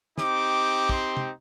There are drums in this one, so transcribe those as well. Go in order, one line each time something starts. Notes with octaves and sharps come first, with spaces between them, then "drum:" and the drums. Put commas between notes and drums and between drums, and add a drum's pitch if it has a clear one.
C4 D#4 G4 D6, drum: snare
C6, drum: kick
drum: tom